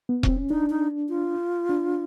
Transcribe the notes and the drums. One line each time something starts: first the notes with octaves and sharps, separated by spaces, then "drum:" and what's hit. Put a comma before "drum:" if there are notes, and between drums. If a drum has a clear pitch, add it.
B3
C4, drum: kick E1
C#4
D4 D#4
D#4
F4
D4